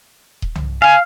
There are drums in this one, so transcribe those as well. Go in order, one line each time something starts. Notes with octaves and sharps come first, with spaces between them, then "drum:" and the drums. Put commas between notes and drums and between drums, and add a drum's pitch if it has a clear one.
drum: kick D#1
drum: tom C2
F5 G#5